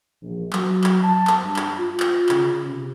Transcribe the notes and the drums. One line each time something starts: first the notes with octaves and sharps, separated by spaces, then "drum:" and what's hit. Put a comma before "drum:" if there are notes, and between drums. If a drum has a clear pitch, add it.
A#1
F#3, drum: clap
drum: clap
A5
drum: clap
G2
drum: clap
F4
drum: clap
C#3, drum: clap
C3